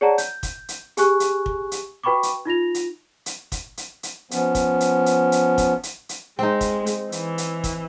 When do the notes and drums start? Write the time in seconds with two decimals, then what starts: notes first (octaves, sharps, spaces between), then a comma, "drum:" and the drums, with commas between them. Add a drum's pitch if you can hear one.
0.01 G#4 C#5 D5 F#5 A5 A#5
0.18 G6, drum: hi-hat
0.43 drum: kick, hi-hat
0.69 drum: hi-hat
0.97 G4 G#4 G#5 C#6 F#6, drum: hi-hat
1.20 drum: hi-hat
1.46 drum: kick
1.72 drum: hi-hat
2.04 F#4 B4 G5 B5 C#6 D6
2.23 drum: hi-hat
2.45 D#4 F4 A#6 F7
2.74 drum: hi-hat
3.26 drum: hi-hat
3.52 drum: kick, hi-hat
3.77 drum: hi-hat
4.03 drum: hi-hat
4.31 F3 B3 C#4, drum: hi-hat
4.55 drum: kick, hi-hat
4.80 drum: hi-hat
5.06 drum: hi-hat
5.32 drum: hi-hat
5.58 drum: kick, hi-hat
5.83 drum: hi-hat
6.09 drum: hi-hat
6.39 G#3 C4 D#4
6.61 drum: kick, hi-hat
6.86 drum: hi-hat
7.12 E3, drum: hi-hat
7.38 drum: hi-hat
7.64 drum: kick, hi-hat